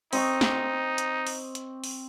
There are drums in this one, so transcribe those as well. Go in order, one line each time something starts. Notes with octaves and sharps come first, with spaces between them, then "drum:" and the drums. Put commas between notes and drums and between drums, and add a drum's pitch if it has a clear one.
C4 D#4 D#5 C#6, drum: open hi-hat
drum: snare
drum: hi-hat
drum: open hi-hat
drum: hi-hat
drum: open hi-hat